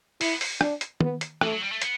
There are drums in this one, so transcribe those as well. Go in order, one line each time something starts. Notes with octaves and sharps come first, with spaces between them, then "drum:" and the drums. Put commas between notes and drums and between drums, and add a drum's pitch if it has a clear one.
B3 E4, drum: open hi-hat
drum: open hi-hat
D4, drum: rim click
drum: hi-hat
B3, drum: tom
drum: hi-hat
E3 A3, drum: rim click
F#3
G3
A3
B3, drum: hi-hat